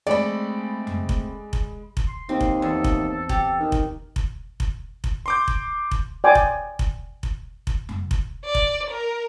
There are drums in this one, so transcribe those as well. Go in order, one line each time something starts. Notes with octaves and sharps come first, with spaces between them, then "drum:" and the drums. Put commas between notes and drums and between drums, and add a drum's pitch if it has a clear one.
G#3 A3 C4 D5 B5
drum: tom F2
drum: kick F1
drum: kick F1
drum: kick F1
C6
D#2 C4
drum: kick F1
E2 A4
drum: kick F1
G4, drum: kick F1
D#3
drum: kick F1
drum: kick F1
drum: kick F1
drum: kick F1
C6 D6 G6
drum: kick F1
drum: kick F1
D5 G5 G#5 C6 D6
drum: kick F1
drum: kick F1
drum: kick F1
drum: kick F1
drum: tom F2
drum: kick F1
D5
drum: kick F1
A#4